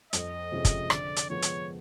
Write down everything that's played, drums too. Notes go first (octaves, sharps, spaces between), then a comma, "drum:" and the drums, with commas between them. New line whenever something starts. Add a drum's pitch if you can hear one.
F2 D#5, drum: hi-hat
C3 F3 G#3 C#4
drum: kick, hi-hat
D3 D5, drum: rim click
drum: hi-hat
F3 G#3 B3 C#5
drum: hi-hat